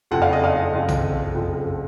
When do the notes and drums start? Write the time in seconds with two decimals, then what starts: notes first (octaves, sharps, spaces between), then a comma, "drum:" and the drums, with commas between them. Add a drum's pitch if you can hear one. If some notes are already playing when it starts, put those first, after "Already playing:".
0.11 F#1 F2 F3 F#5
0.22 F5
0.33 D#5
0.44 F5
0.72 F#1 F2 F3
0.88 drum: tom B1
1.35 F#1 F2 F3